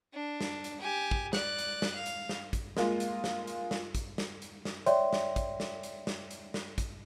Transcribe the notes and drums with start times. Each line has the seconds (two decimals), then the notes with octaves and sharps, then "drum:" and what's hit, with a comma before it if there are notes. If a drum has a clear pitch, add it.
0.13 D4
0.41 drum: snare
0.64 drum: hi-hat
0.81 G4 G#5
1.11 drum: kick
1.33 D5 F#6, drum: snare
1.59 drum: hi-hat
1.82 drum: snare
1.94 F5
2.06 drum: hi-hat
2.29 drum: snare
2.53 drum: kick, hi-hat
2.77 G#3 A#3 F4, drum: snare
3.00 drum: hi-hat
3.24 drum: snare
3.47 drum: hi-hat
3.71 drum: snare
3.95 drum: kick, hi-hat
4.18 drum: snare
4.42 drum: hi-hat
4.65 drum: snare
4.86 C#5 D5 E5 G5 C6, drum: hi-hat
5.13 drum: snare
5.36 drum: kick, hi-hat
5.60 drum: snare
5.83 drum: hi-hat
6.07 drum: snare
6.31 drum: hi-hat
6.54 drum: snare
6.78 drum: kick, hi-hat